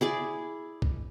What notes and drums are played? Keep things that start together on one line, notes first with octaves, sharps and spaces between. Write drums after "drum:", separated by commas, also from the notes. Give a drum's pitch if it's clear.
E4 G#4 D5
drum: kick